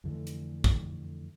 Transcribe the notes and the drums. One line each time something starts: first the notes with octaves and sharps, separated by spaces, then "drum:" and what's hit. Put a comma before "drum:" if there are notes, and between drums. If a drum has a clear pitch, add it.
F2 D3 E3 A3
drum: hi-hat
drum: kick